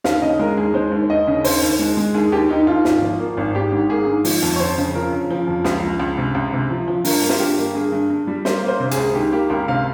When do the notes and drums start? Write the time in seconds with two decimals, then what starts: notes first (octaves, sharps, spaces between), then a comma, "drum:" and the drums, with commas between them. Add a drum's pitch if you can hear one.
0.04 D#2 F5, drum: snare
0.22 C#3 D#5
0.39 G#3 A#4
0.57 D#2 G#4
0.74 G#3 C5
0.92 D#2
1.10 D#2 D#5
1.27 C#3
1.44 D#2 C5, drum: open hi-hat
1.62 D#2
1.79 G#3
1.97 G#3
2.14 D#2 G#4
2.32 D#2 G4
2.49 D#2 D#4
2.67 D#2 F4
2.85 G#1, drum: snare
3.02 F3
3.19 A#3
3.37 G#1
3.55 G#1 G4
3.72 G#2
3.90 A#3 G#4
4.07 G#2
4.25 F3, drum: open hi-hat
4.42 F2
4.56 C#5
4.60 F2 C5
4.78 C#3
4.94 F3 A#4
5.13 C#3
5.30 F3
5.47 F2
5.65 C#2, drum: snare
5.82 F3
6.00 C#2
6.18 C3
6.35 C#2
6.53 C3
6.70 F3
6.88 F3
7.05 G2 A#4, drum: open hi-hat
7.23 A#3
7.29 F4, drum: snare
7.39 G2 G4
7.58 A#3
7.75 G2 G#4
7.92 G2
8.10 G2
8.27 G3
8.45 A#3 C5, drum: snare
8.63 A#3
8.68 C5
8.80 C3
8.91 G#4, drum: hi-hat
8.97 C#2
9.15 D#3 G4
9.32 A#3 G4
9.50 C#2 A#4
9.68 C3 F5